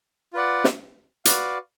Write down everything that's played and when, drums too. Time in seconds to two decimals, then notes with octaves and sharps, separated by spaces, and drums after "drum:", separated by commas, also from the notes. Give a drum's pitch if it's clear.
0.33 F4 B4 D5 F#5
0.64 drum: snare
1.25 F#4 B4 D5 F5, drum: hi-hat